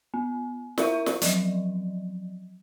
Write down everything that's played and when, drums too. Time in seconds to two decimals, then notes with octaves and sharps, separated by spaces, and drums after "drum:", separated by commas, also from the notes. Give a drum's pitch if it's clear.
0.14 B3
0.78 E4 A#4 E5 C#6 D#7, drum: snare
1.06 drum: snare
1.22 F3 F#3, drum: hi-hat